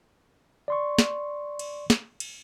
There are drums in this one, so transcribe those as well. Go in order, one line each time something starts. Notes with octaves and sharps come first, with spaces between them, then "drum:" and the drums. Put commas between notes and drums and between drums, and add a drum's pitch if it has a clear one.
D5 C6 C#6
drum: snare
drum: cymbal
drum: snare
drum: cymbal